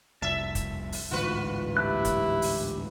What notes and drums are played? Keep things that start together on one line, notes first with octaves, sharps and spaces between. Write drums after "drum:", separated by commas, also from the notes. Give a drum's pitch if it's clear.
F1 C2 E5 A5
drum: kick, hi-hat
drum: open hi-hat
A1 D2 G#2 F4 F#4 B4
E4 G4 A5 F#6
drum: kick, hi-hat
drum: open hi-hat